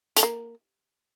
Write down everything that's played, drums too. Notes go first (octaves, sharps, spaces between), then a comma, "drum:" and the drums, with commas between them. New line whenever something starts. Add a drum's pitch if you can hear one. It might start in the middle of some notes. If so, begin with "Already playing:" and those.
A3, drum: hi-hat
A#3